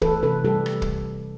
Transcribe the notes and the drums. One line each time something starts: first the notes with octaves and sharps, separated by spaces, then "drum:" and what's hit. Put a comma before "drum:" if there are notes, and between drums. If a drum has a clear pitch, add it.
E3 A4 B4, drum: kick
C3 A4 B4
G3 G4 A4
drum: rim click
drum: kick